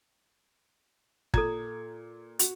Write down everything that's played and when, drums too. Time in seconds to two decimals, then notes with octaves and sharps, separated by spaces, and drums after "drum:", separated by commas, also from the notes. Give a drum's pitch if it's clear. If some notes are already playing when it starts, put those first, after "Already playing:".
1.34 A#2 A4 A#5 G#6, drum: kick
2.39 F#4, drum: hi-hat